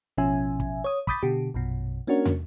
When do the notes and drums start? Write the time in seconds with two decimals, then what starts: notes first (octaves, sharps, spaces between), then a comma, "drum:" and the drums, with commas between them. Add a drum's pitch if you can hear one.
0.17 A1 B2 F3 C#4 E5 G#5
0.60 drum: kick
0.84 C#5 D#6
1.07 B5 D6 D#6 G6 A6 B6, drum: kick
1.23 B2 D3 G4
1.54 A#1 F#2 B2
2.07 A#3 C#4 D4 F#4 A#4 C#5
2.25 drum: tom